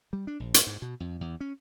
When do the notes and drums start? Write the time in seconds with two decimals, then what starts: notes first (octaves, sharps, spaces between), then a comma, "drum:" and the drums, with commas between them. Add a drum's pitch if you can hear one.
0.13 G3
0.27 D4
0.40 A#1
0.54 G#2, drum: hi-hat
0.67 G#2
0.82 B2
1.00 F2
1.21 E2
1.41 C#4